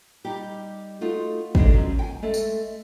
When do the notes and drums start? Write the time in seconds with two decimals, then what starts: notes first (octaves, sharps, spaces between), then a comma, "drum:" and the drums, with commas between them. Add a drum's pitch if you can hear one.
0.25 G3 D#4 G4
1.01 A3 D#4 F4 F#4 A4
1.55 A2 D3 G#3 D4, drum: kick
1.73 F3 F#3 C#4
1.99 G5 G#5
2.22 G#3 A3 A4
2.34 drum: tambourine